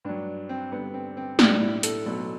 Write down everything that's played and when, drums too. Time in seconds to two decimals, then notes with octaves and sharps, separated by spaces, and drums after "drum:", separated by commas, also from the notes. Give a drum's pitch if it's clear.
0.05 G2 F#3 D4
0.49 C4
0.72 G2 D3 G3 B3
0.94 C4
1.17 C4
1.39 B1 A2 G3 D4, drum: snare
1.62 E4
1.83 A4, drum: hi-hat
2.06 B1 B2 F#3 A4